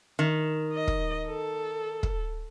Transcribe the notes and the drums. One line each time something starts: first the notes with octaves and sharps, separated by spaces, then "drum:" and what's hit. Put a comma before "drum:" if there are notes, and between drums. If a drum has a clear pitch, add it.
D#3
D#5
drum: kick
A4
drum: kick